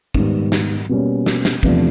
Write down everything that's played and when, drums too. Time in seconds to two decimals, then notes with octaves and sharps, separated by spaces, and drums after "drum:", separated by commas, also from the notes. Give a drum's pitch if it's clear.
0.15 G#2 D#3 G3 B3, drum: kick
0.52 drum: snare
0.89 B2 G3 A#3 C#4
1.26 drum: snare
1.45 drum: snare
1.63 E2 C3 F3 A3 D4, drum: kick